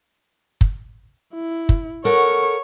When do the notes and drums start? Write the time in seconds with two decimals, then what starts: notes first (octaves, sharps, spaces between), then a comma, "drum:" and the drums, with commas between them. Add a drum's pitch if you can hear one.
0.61 drum: kick
1.34 E4
1.69 drum: kick
2.05 A4 A#4 C#5 F#5 C#6